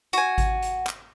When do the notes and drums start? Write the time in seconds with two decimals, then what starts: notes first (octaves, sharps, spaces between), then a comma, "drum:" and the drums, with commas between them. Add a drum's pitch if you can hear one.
0.13 F#4 G#5, drum: hi-hat
0.38 drum: kick G#1, hi-hat
0.62 drum: hi-hat
0.87 drum: clap